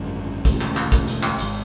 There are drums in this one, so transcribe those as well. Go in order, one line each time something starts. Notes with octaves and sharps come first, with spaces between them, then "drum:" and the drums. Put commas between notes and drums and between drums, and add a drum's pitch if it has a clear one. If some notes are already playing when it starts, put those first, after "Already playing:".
Already playing: G#1 F#2 D3 G#3
E1 D2 C#3 G#3, drum: kick, hi-hat
drum: clap
drum: clap
drum: kick, hi-hat
drum: hi-hat
drum: clap
G#1 G#3, drum: hi-hat